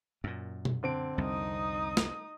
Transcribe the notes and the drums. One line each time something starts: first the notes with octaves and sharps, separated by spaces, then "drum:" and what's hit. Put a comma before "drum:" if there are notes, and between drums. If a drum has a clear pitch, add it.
F#2 A#2
drum: tom B2
D3 C4 D7
C2 F2 D#4 D#6
drum: snare